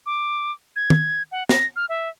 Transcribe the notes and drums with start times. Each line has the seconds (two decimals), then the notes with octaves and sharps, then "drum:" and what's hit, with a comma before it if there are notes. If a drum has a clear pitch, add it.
0.06 D6
0.76 G#6
0.90 drum: tom
1.32 F#5
1.49 A#6, drum: snare
1.76 F6
1.89 E5